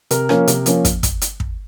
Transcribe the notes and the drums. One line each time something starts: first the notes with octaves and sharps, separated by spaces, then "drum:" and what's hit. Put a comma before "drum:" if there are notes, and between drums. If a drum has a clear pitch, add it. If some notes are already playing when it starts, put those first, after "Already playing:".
C3 A#4, drum: hi-hat
F3 A#3 C#4, drum: rim click
C3, drum: hi-hat
F3 A#3 C#4, drum: hi-hat
drum: kick, hi-hat
drum: kick, hi-hat
drum: hi-hat
drum: kick